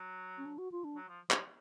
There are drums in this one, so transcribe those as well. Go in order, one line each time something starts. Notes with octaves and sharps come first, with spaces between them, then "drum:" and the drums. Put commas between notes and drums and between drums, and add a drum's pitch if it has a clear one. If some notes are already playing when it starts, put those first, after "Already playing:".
Already playing: F#3
C#4
D4
F#4
F4
D4
F#3
F3
F3, drum: clap